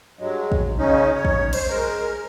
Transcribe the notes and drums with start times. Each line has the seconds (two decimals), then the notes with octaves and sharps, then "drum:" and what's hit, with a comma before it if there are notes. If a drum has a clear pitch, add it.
0.19 G2 F#3 G#3
0.52 drum: kick
0.78 C#3 C#4 D#4
1.15 C#5
1.25 drum: kick
1.53 C5, drum: cymbal
1.69 G#3 A#4